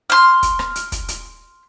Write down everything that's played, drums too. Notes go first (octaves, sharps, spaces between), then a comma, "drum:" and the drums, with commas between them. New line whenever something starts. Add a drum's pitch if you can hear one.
C6 F6
drum: kick, hi-hat
drum: rim click
drum: hi-hat
drum: kick, hi-hat
drum: hi-hat